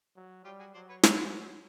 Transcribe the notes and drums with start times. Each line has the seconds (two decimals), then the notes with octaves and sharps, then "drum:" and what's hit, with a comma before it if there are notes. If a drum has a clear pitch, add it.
0.17 F#3
0.45 G3 F4 G4
0.59 F#4 G#4
0.74 F#3 C5 D5
0.89 B4 C#5
1.03 F#3 B4 C#5, drum: snare